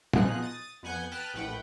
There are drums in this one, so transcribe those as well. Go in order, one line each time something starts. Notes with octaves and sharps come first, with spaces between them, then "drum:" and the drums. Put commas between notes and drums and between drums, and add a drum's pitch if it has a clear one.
B2 F3 D#4 G#4 F#6, drum: tom A#2
D#6 A6 D#7
F2 B3 F#5 G#5 G6
B4 G5 A5 D#6 F6 F#6
A#1 A2 B4 F#5 G5